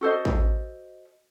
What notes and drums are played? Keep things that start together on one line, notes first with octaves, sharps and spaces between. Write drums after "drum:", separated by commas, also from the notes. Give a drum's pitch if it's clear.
F#4 A4 C5 D#5
drum: kick